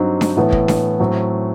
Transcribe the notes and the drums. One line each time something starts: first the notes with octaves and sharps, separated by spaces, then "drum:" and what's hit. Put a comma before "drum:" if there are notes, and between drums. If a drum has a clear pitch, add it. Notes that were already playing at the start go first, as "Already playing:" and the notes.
Already playing: G2 F#3 C4 D#4
drum: snare D4
A2 E3 B3
drum: kick
drum: snare D4
A2 F#3 C4